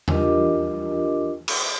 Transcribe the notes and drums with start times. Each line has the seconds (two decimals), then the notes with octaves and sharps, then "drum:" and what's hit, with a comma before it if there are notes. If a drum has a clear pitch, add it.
0.08 D4 F4 G4 A#4 D#5 D6, drum: tom E2
1.48 drum: cymbal